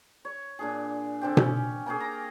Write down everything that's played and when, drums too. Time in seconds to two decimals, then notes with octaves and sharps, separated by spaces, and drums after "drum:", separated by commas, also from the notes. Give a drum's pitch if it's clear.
0.25 C#5
0.59 A#2 D4 G#4
1.21 D3 C4 G4
1.37 C#4, drum: tom B2
1.86 A#3 C#4 G4 G#4
2.00 A#5